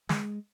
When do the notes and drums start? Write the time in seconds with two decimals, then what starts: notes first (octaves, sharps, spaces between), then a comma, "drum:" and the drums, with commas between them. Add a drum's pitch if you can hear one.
0.09 G#3, drum: snare